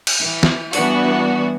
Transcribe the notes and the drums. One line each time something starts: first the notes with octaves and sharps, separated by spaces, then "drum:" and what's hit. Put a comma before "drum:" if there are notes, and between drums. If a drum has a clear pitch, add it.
drum: cymbal
E3
drum: snare
E3 G3 B3 D4 F#4, drum: open hi-hat